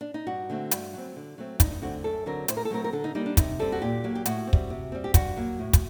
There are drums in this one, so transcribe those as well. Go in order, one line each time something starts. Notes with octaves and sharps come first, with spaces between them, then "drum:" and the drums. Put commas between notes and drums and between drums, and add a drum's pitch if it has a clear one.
D4
D#4
G2 F#4
D3 A3 C4
G2, drum: hi-hat
F#3 C4
D3
F#3 A3 C4
G2 D#4, drum: kick, hi-hat
D#4
D3 A3 C4 F#4
F#2 A4
D3 F#3 C4 A#4
A2 C5, drum: hi-hat
A#4
A4
F#3 A3 C4 A#4
A#4
D3 A4
D#4
G3 A#3 D#4
D4
C3 D#4, drum: kick, hi-hat
G3 C4 A4
F#4
A#2 G4
F#3 A#3
G4
A2 F#4, drum: hi-hat
C4
G3, drum: kick
C3
G3 C4
G4
G2 F#4, drum: kick, hi-hat
F#3 A#3
A2
drum: kick, hi-hat